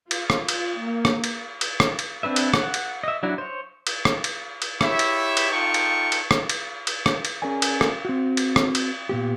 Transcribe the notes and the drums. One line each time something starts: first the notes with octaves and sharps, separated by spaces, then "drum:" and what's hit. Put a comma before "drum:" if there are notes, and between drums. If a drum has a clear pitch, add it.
F4, drum: cymbal
drum: rim click
drum: cymbal
A#3
drum: rim click
drum: cymbal
drum: cymbal
drum: rim click
drum: cymbal
C4 D4 B4 E5
drum: cymbal
F#5, drum: rim click
drum: cymbal
D#5 E5
F#3 D4 E4 F#4
C5 C#5
drum: cymbal
drum: rim click
drum: cymbal
drum: cymbal
E4 G4 C#5 E5, drum: rim click
drum: cymbal
drum: cymbal
D#4 F4 A4 G5 C#6
drum: cymbal
drum: cymbal
drum: rim click
drum: cymbal
drum: cymbal
drum: rim click
drum: cymbal
C#4 G#4 A#4 D5 G#5
drum: cymbal
drum: rim click
C4 F#4
drum: cymbal
drum: rim click
drum: cymbal
A#2 B3 G4